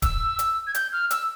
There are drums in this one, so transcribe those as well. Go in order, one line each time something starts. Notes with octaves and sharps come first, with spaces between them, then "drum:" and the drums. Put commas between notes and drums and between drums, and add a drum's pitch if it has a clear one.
E6, drum: kick D1, hi-hat
drum: hi-hat
G#6
G6, drum: hi-hat
F6
E6, drum: hi-hat